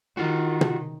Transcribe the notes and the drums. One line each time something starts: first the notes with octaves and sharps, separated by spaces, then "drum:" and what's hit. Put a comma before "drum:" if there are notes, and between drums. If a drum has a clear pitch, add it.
D#3 F4 F#4
drum: tom